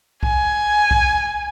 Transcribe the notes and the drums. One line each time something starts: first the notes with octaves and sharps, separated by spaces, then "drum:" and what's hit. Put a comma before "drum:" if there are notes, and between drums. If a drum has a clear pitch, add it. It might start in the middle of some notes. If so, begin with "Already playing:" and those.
G#5, drum: kick B1
drum: kick B1